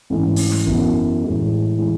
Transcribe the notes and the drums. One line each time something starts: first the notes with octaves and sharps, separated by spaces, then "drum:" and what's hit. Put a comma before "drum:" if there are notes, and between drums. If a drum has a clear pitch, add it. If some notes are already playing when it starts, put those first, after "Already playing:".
G#2 E3 A3 C#4
drum: open hi-hat
drum: snare
F#2 E3 B3 F#4, drum: kick
A2 E3 G#3 D#4
E3 G#3